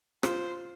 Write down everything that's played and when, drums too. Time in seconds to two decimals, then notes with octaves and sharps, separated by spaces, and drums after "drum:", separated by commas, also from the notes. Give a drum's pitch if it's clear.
0.23 F4 C5, drum: rim click